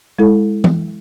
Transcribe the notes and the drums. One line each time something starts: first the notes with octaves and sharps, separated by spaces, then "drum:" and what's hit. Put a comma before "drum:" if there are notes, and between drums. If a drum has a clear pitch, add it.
G#3 E4 A4
drum: tom E3